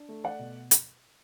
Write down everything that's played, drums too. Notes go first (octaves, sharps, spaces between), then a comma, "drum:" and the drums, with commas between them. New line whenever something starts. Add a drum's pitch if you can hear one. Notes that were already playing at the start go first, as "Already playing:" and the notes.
Already playing: D4
A3
D5 F#5
B2
drum: hi-hat